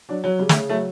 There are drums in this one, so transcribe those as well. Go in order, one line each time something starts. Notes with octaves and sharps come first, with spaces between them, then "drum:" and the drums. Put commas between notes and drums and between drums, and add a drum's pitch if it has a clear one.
F#3 D4
F#3
C#3 G3
A3, drum: snare
C#3
F#3 A3